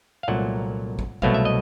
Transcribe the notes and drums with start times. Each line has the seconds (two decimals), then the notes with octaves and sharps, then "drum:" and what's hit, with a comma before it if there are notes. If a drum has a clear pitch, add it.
0.23 F5
0.28 C2 A#2 F#3 A3 F#5
0.99 drum: kick
1.22 C2 B2 F#3 A3 F5, drum: kick
1.34 E5
1.45 D#5